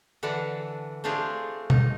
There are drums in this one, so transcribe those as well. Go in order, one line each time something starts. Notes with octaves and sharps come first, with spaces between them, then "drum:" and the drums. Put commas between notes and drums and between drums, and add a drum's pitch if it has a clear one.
D3 E3 D4 F#5
A3 C4 D4 F4 G4 G#4
D#4, drum: tom B2